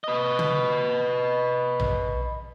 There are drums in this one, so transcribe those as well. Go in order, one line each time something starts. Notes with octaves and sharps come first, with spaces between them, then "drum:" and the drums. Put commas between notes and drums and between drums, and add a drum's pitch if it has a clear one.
B4 D#5
drum: tom C#3
drum: tom A#1